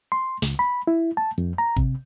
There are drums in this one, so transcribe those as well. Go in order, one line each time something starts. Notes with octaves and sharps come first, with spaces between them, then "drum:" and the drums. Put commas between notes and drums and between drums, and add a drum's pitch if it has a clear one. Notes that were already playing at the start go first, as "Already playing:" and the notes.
C6
C#2, drum: snare
B5
E4
A5
F2, drum: hi-hat
A#5
C3, drum: kick G#1